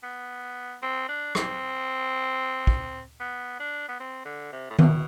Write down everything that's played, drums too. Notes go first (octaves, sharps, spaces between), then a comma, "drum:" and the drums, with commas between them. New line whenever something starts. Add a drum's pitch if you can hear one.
B3
C4
D4
C4, drum: rim click
drum: kick
B3
D4
B3
C4
D3
C3
A2
B2, drum: tom D#3